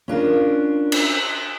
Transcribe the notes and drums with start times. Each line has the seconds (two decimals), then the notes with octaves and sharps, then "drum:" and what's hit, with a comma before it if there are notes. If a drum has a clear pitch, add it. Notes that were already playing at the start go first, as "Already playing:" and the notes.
0.08 C#4 D4 F4 A#4
0.92 drum: cymbal